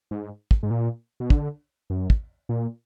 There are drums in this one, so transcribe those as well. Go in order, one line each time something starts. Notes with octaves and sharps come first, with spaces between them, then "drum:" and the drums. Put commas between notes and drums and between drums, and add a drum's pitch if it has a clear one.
G#2
drum: kick
G#2
A#2
B2
D3, drum: kick
F#2
drum: kick
A#2